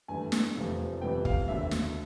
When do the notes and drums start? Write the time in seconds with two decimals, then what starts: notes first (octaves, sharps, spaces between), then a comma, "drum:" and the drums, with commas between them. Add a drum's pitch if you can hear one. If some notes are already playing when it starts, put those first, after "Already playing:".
0.08 G2 E3 A3 G#5
0.32 drum: snare
0.55 F1 E2 C3 F3 A3
1.02 F2 C3 E3 G3 B3 G5
1.25 F5, drum: kick
1.48 D#2 D3 F#3 E5
1.71 drum: snare